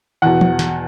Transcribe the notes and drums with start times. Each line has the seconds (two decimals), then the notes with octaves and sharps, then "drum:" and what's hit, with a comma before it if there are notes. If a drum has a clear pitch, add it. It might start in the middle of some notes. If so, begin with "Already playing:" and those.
0.22 E2 B2 F#5
0.41 drum: tom E3
0.59 drum: snare